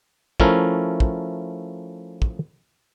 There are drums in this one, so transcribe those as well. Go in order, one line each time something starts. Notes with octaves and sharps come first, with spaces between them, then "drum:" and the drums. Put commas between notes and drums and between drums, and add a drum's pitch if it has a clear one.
F3 A3 C#4 E4 A#4, drum: kick
drum: kick
drum: kick